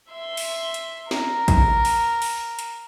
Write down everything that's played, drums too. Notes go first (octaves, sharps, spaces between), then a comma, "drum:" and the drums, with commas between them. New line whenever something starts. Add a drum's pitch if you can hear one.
E5 C6
drum: open hi-hat
drum: hi-hat
A#4, drum: snare
drum: kick, hi-hat
drum: open hi-hat
drum: open hi-hat
drum: hi-hat